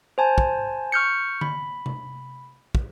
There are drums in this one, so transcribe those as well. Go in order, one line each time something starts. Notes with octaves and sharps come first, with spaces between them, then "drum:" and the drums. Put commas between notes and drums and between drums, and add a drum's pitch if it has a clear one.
C5 G#5 A5
drum: kick
C#6 F6 G6 C#7
B5, drum: tom D3
drum: tom C3
drum: kick